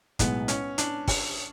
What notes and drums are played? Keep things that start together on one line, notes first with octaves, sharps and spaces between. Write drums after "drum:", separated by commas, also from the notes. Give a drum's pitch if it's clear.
B1 A2 G#3 B3, drum: kick, hi-hat
C#4, drum: hi-hat
D4, drum: hi-hat
drum: kick, open hi-hat